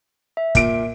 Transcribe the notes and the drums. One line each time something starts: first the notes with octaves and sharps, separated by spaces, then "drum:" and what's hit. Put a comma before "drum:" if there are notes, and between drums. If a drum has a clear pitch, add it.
E5
A#2 D7, drum: kick, hi-hat